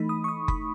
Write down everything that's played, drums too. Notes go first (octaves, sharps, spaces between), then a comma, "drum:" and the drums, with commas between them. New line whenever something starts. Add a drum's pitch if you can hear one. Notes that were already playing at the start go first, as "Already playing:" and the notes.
Already playing: E3 A3 D#4 B5
D#6
C#6
D#6
B5, drum: kick F#1